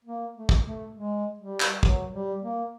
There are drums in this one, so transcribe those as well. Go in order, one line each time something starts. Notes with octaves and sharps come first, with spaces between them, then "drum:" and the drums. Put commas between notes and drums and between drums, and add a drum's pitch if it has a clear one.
A#3
A3
drum: kick
A3
G#3
G3
drum: clap
F#3, drum: kick
G3
A#3